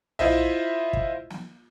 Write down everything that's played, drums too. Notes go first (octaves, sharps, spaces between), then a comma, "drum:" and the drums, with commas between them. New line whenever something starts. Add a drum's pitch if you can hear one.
E4 F4 C5 D#5 E5, drum: tom B1
drum: kick
drum: snare